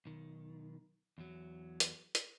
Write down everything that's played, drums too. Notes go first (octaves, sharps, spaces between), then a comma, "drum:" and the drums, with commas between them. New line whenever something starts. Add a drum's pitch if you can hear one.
B1 D#3
E2 F#3
drum: hi-hat
drum: hi-hat